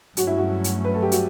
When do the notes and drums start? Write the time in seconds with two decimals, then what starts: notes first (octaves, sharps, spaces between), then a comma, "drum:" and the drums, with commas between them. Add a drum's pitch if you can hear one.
0.17 G2 F#3 A3 C#4 F#4, drum: hi-hat
0.27 E4
0.38 F#4
0.64 drum: hi-hat
0.84 B4
0.94 A4
1.02 G4
1.12 F#4, drum: hi-hat